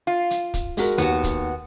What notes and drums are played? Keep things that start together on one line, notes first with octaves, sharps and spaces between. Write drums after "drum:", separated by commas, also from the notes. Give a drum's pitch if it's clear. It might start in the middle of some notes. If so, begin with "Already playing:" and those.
F4
drum: hi-hat
drum: kick, hi-hat
G#3 F#4 A#4, drum: open hi-hat
D#2 B3 F#4, drum: hi-hat
drum: kick, hi-hat